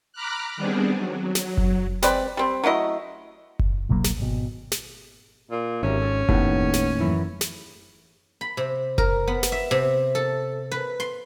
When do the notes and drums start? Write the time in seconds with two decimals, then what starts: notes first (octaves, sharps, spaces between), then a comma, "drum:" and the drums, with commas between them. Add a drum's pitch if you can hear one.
0.13 A#5 B5 D6 F6 F#6
0.57 D#3 G3 B3 C4 D4 G#4
0.97 F#3
1.35 drum: snare
1.57 drum: kick F#1
2.02 G#3 C4 B4 D5, drum: snare
2.37 G3 C4
2.64 F#3 A3 E4 D#5
3.59 drum: kick F#1
3.89 C2 B2 F#3 A#3
4.04 drum: snare
4.18 G#1 B2
4.72 drum: snare
5.51 A#2
5.83 G#1 C#4 G4 A#4 E5
6.02 C4 A4
6.29 D#2 A2 A3 B3 D#4, drum: kick F#1
6.74 drum: snare
6.99 F#2 E3 E4
7.41 drum: snare
8.41 B5
8.57 C3
8.98 A#4, drum: kick F#1
9.27 B3
9.43 drum: snare
9.52 E5
9.71 C3
10.15 A4
10.71 B4
11.00 C6